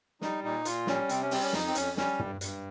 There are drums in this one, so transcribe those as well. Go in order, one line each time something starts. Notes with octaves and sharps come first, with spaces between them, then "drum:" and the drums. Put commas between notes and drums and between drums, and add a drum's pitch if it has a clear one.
G3 D#4, drum: snare
A#2 D#4
A#2 F4, drum: hi-hat
G3 C#4, drum: snare
C3 C4, drum: hi-hat
C#4
G3 C4, drum: open hi-hat
C#4
F2 D#4, drum: snare
C4
F2 C#4, drum: hi-hat
G3 C#4, drum: snare
G2, drum: tom
G2, drum: hi-hat